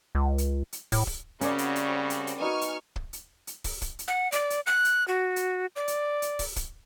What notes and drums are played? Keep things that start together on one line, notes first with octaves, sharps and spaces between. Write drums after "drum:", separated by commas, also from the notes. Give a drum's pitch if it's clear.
C#2
drum: hi-hat
drum: hi-hat
A2, drum: kick, open hi-hat
drum: kick
C#3 G3 A#3 C4 C#4 F#4 C#5 D5, drum: hi-hat
drum: hi-hat
drum: hi-hat
drum: hi-hat
drum: hi-hat
B3 D#4 F#4 G#5 C#6 F6
drum: hi-hat
drum: kick
drum: hi-hat
drum: hi-hat
drum: kick, open hi-hat
drum: kick, hi-hat
drum: hi-hat
F#5
D5, drum: hi-hat
drum: hi-hat
F#6
drum: hi-hat
F#4
drum: hi-hat
D5
drum: hi-hat
drum: hi-hat
drum: kick, open hi-hat
drum: kick, hi-hat